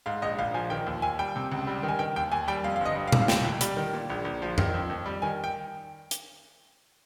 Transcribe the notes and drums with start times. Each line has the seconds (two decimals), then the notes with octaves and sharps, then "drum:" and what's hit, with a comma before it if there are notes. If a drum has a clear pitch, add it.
0.06 G#2 F5
0.22 A#1 D#5
0.38 A#1 F5
0.54 F3 G#5
0.70 D#3 G5
0.86 D#2
1.02 D#2 G#5
1.19 G3 G5
1.36 C3
1.52 C#2
1.67 G3
1.83 D#3
1.88 G#5
1.99 D#3 G5
2.16 D#2 G5
2.32 D#2 G#5
2.48 G3 G5
2.64 F2 F5
2.76 G1 F5
2.85 D#5
2.96 G3
3.08 F5
3.12 C3, drum: tom A#2
3.21 F5
3.28 D#2 G5, drum: snare
3.44 F1
3.61 G3, drum: hi-hat
3.77 D#3
3.93 A#2
4.10 A#1
4.25 A#1
4.42 F3
4.58 D#3, drum: tom F2
4.74 F2
4.90 F2
5.06 G3
5.22 D#3 G#5
5.44 G5
6.11 drum: hi-hat